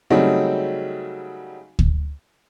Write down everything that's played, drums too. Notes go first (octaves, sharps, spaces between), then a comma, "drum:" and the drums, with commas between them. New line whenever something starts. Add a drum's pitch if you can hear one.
C#3 F#3 G3 A3 C4 D#4
drum: kick